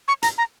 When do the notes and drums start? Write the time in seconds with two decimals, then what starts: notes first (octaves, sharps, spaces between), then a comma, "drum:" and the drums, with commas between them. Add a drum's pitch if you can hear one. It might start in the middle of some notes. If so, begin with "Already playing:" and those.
0.08 C#6
0.23 A#5, drum: hi-hat
0.38 A#5